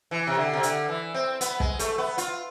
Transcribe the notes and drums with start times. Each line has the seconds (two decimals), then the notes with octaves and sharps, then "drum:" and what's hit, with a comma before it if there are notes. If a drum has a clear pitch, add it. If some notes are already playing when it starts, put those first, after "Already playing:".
0.11 E3
0.27 C3
0.37 D3
0.53 C3
0.63 D3, drum: hi-hat
0.88 E3
1.14 C4
1.41 B3, drum: hi-hat
1.60 G#3, drum: kick
1.79 A3, drum: hi-hat
1.98 B3
2.18 F4, drum: hi-hat